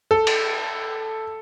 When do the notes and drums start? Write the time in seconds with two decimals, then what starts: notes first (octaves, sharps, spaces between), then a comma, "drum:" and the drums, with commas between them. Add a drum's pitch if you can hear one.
0.11 A4
0.27 drum: cymbal